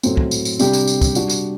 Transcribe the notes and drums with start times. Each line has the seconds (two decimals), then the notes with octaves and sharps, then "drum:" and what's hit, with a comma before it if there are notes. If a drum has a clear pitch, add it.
0.03 A2 F#3 C4, drum: tambourine
0.17 drum: kick
0.31 drum: tambourine
0.45 drum: tambourine
0.59 C3 G3 D4 G4, drum: tambourine
0.73 drum: tambourine
0.87 drum: tambourine
1.01 drum: kick, tambourine
1.15 G3 D4 F#4, drum: tambourine
1.30 drum: tambourine